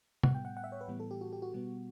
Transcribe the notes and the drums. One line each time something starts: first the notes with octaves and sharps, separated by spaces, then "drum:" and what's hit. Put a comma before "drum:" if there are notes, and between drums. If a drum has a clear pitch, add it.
A2 G3 B3 F#5, drum: tom
G5
F#5
F#5
E5
C#5
B4
A2 E3 G3 B3
A4
G4
F#4
G4
F#4
B2 G3 B3